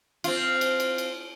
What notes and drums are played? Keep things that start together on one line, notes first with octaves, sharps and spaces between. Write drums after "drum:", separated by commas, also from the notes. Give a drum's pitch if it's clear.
C4 F4, drum: cymbal
drum: cymbal
drum: cymbal
drum: cymbal